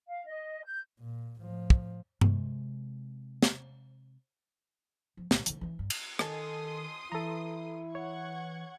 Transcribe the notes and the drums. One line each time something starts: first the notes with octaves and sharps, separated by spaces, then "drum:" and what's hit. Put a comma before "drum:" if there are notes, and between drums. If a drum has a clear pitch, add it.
F5
D#5
G6
A#2
A2 F3
drum: kick
C3 G#3, drum: tom G2
drum: snare
F3
D2 A#2, drum: snare
D3 E3, drum: hi-hat
E3 C#4
G2
drum: cymbal
D#3 A4 D#5 G#5 A5 C6 D#6, drum: rim click
E3 E4 A4 A#5
C#5 F#5 C#6 G#6